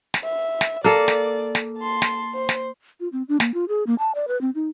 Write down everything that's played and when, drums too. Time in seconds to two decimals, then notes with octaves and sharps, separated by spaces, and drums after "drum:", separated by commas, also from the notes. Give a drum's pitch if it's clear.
0.14 drum: snare
0.24 E5
0.61 drum: snare
0.84 A#3 A4 D5
1.08 drum: snare
1.55 drum: snare
1.78 A5 C6
2.02 drum: snare
2.34 C5
2.49 drum: snare
3.00 F4
3.13 C4
3.28 D4
3.40 A#3, drum: snare
3.54 F4
3.69 G#4
3.87 A#3
3.99 A5
4.15 D5
4.28 B4
4.41 C4
4.55 D#4